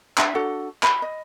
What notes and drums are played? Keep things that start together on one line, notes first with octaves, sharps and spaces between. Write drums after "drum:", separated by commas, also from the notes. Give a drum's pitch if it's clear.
D4 E5, drum: clap
D4 F#4 A4 F#5
B5, drum: clap
D#5